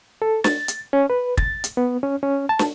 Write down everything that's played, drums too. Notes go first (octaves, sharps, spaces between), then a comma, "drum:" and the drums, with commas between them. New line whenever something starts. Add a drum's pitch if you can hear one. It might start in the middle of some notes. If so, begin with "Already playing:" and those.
A4
A6, drum: snare
drum: hi-hat
C#4
B4
A6, drum: kick
drum: hi-hat
B3
C#4
C#4
A5
drum: snare